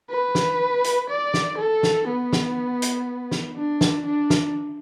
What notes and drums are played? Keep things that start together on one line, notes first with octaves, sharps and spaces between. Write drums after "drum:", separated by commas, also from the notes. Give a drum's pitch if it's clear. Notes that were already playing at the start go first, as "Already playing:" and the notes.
B4
drum: snare
drum: hi-hat
D5
drum: snare
A4
drum: snare
B3
drum: snare
drum: hi-hat
drum: snare
D4
drum: snare
D4
drum: snare